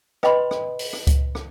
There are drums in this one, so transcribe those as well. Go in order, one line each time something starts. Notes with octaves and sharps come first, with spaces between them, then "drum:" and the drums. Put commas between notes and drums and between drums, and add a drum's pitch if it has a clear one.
B4 D#5 G5 B5 C6, drum: rim click
drum: rim click
drum: open hi-hat
drum: rim click
drum: kick C#2, hi-hat
drum: rim click